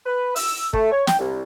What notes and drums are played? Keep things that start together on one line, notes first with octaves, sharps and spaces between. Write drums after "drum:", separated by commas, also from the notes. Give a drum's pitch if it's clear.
B4
E6, drum: open hi-hat
A3, drum: kick
C#5
G5, drum: snare
C2